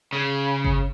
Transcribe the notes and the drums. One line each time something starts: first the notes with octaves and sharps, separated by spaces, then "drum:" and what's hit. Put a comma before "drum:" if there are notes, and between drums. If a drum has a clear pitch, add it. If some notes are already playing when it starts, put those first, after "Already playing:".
C#3
drum: kick G1